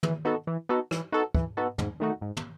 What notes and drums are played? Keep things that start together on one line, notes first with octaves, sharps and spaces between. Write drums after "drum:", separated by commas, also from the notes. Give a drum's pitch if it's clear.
E3, drum: tom
B3 D#4 F#4 A4
E3
B3 D#4 F#4 A4
E3, drum: rim click
B3 D#4 F#4 A4
E3, drum: kick
B3 D#4 F#4 A4
G#2, drum: tom
D#3 A3 D#4 F#4
G#2
drum: tom